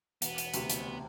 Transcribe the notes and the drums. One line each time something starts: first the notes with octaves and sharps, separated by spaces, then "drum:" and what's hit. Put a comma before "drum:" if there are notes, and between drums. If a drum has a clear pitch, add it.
E1 B3, drum: hi-hat
drum: hi-hat
D2 C3, drum: hi-hat
drum: hi-hat